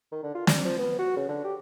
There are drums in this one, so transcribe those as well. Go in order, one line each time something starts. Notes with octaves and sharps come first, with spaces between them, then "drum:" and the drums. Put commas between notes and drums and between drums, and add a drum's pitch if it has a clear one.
D#3
D3
F4
D4, drum: snare
F3
B3
F#4
C#3
D3
G4